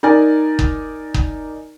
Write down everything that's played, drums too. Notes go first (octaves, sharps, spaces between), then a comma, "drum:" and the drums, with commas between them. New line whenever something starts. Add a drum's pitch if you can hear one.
D#4 A#4 D5 G#5
drum: kick F#1
drum: kick F#1